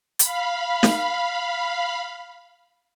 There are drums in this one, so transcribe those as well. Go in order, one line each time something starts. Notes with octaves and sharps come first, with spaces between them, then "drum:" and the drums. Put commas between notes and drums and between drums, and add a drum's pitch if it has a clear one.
F5 B5, drum: hi-hat
drum: snare